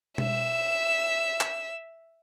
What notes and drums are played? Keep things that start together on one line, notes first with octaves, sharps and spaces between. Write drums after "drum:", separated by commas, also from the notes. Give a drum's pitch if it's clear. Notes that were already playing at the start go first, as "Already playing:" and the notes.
E5 E7, drum: tom B2
drum: clap